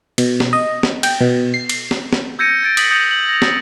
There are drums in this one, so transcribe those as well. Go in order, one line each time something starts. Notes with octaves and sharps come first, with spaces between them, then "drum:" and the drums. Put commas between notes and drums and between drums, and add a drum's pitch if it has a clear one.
B2, drum: cymbal
drum: snare
D#5
drum: snare
G5, drum: cymbal
B2
C7
drum: cymbal
drum: snare
drum: snare
E6 G6 G#6 A#6 C#7 D#7
G#6 A6 D7
D#6 B6 F#7, drum: cymbal
D#6 G6 C#7 D#7 F7
F#7
A#6 F7
drum: snare